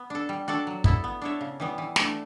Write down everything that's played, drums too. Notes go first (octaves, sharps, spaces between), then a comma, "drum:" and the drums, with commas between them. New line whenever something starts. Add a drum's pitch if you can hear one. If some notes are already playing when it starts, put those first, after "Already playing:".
Already playing: B3
D4 A4
G3
D4 F#4 A4 D5
F#3
B3 E4 A4, drum: kick
B3
D4 A4 C#5 E5
C#3
E3 G3 B3
E3
A3 D4, drum: snare